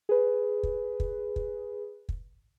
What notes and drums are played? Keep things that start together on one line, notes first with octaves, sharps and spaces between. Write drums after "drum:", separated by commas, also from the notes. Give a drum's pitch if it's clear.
G#4 B4
drum: kick
drum: kick
drum: kick
drum: kick